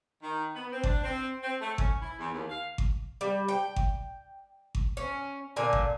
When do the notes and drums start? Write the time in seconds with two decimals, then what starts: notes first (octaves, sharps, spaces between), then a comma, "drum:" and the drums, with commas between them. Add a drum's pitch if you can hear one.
0.22 D#3
0.54 B3
0.71 C4
0.83 D4, drum: kick G#1
1.04 C4
1.42 C4
1.60 A3
1.78 C#4, drum: kick G#1
2.01 E4
2.19 E2
2.33 D#2
2.49 F5
2.78 drum: kick G#1
3.21 G3
3.49 G5
3.76 drum: kick G#1
4.75 drum: kick G#1
4.97 C#4
5.56 A#2 D3 G#5
5.73 drum: kick G#1